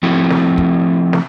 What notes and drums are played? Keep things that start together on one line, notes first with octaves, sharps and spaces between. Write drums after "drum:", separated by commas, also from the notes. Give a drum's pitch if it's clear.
F3 A3 C4 E4 F#4
drum: snare
drum: kick
drum: snare